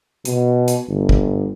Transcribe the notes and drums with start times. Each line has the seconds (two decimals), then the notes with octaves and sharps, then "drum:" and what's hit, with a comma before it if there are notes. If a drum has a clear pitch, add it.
0.25 B2, drum: hi-hat
0.68 drum: hi-hat
0.89 G1
1.09 drum: kick